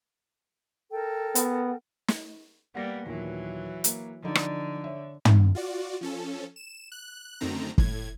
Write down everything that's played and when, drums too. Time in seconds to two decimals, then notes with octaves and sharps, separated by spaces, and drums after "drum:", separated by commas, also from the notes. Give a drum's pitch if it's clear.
0.91 A4 A#4 G5
1.35 B3, drum: hi-hat
2.08 drum: snare
2.75 G3 A#3 B3 F#5 A#6 C#7
3.06 D#2 A#2 E3 F#3
3.84 A#3, drum: hi-hat
4.23 D3 F3 D#4 D5
4.35 drum: rim click
4.84 C#5 E5
5.25 drum: tom
5.55 F4 F#4 D5
6.01 F3 C#4 A4
6.56 E7
6.92 F#6
7.41 F#2 D3 D#3 A3 C4 A#5
7.78 A2 G#6, drum: kick